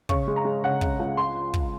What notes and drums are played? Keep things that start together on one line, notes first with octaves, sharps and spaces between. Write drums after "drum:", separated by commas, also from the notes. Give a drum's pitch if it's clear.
C#3 C#6, drum: kick
G#3
A#5
G#3
C#3 F#5
C#3, drum: kick
C#2
C6
drum: kick